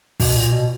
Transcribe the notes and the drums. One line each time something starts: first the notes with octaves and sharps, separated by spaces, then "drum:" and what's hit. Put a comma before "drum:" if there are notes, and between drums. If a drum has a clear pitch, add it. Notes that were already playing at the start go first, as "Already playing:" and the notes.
B2, drum: kick, open hi-hat
A#2
B2